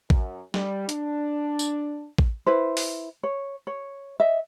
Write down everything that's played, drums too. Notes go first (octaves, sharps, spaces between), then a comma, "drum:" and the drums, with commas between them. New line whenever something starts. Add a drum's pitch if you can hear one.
F#2, drum: kick A1
G3, drum: snare
D4, drum: hi-hat
drum: tambourine
drum: kick A1
E4 B4 C5
drum: open hi-hat
C#5
C#5
D#5 E5